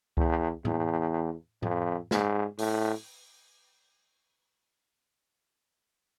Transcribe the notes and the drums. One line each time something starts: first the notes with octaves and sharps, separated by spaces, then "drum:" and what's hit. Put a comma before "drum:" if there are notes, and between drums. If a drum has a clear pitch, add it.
E2, drum: kick C2
E2, drum: tom A2
F2, drum: tom A2
G#2, drum: snare
A2, drum: open hi-hat